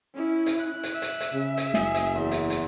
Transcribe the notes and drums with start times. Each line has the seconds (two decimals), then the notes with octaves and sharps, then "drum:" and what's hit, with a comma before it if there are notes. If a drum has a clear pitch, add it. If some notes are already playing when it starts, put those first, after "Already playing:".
0.15 C#4 E4
0.46 drum: hi-hat
0.60 F#6
0.83 drum: hi-hat
0.93 E5
1.02 drum: hi-hat
1.20 drum: hi-hat
1.33 C#3
1.57 drum: hi-hat
1.74 F#1 G#4, drum: snare
1.94 drum: hi-hat
2.13 E2
2.31 drum: hi-hat
2.50 drum: hi-hat